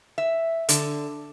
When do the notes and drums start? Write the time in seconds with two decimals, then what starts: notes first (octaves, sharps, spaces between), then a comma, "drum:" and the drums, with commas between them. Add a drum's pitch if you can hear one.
0.18 E5
0.69 D3, drum: hi-hat